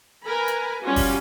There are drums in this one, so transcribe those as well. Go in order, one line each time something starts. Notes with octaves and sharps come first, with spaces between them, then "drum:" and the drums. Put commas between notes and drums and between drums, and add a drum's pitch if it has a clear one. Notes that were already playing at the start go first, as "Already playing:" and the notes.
A#4 B4 G#5 A#5 B5
drum: hi-hat
G3 C#4 F4 F#4
drum: kick, open hi-hat